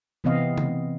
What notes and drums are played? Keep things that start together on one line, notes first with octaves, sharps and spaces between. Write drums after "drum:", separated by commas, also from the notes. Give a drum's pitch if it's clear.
C3 E3 B3 C4 D#5 F5
drum: tom C#3